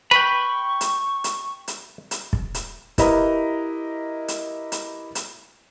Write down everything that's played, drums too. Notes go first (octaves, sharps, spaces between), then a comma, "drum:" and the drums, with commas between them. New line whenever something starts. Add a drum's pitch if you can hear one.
B4 G5 B5 C#6
drum: hi-hat
drum: hi-hat
drum: hi-hat
drum: hi-hat
drum: kick
drum: hi-hat
E4 G4 A#4 B4 D#5 A#5, drum: kick, hi-hat
drum: hi-hat
drum: hi-hat
drum: hi-hat